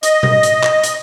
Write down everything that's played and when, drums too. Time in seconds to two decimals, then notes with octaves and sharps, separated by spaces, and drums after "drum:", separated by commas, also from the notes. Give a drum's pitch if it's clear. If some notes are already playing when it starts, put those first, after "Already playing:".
0.03 D#5, drum: hi-hat
0.23 drum: tom B2
0.43 drum: hi-hat
0.63 drum: clap
0.84 drum: hi-hat